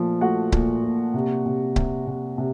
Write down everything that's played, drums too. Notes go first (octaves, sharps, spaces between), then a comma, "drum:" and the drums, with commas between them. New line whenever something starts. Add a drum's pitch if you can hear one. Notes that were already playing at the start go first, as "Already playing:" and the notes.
Already playing: A#2 F3 A3
A3 F#4 F#5
A#2, drum: kick C#1
A#2
C3
C3
C3, drum: kick C#1
C3
C3